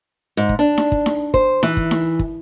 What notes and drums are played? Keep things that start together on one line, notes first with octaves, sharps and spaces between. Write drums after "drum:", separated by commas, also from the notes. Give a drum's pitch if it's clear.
G#2
drum: kick
D4
drum: snare D#4
drum: kick
drum: snare D#4
C5, drum: kick
E3, drum: snare D#4
drum: kick
drum: snare D#4
drum: kick